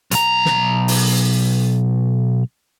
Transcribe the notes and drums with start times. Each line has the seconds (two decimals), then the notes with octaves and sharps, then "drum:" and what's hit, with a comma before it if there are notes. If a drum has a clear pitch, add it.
0.11 B1 A#5, drum: hi-hat
0.45 drum: snare
0.88 drum: open hi-hat